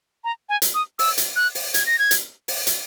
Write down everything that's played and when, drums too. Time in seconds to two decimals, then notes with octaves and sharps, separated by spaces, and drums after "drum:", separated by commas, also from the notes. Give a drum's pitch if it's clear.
0.24 A#5
0.49 G#5
0.62 drum: hi-hat
0.74 D#6
0.99 E6, drum: open hi-hat
1.18 drum: hi-hat
1.36 F#6
1.55 drum: open hi-hat
1.74 G#6, drum: hi-hat
1.86 A#6
1.99 G#6
2.11 drum: hi-hat
2.48 drum: open hi-hat
2.67 drum: hi-hat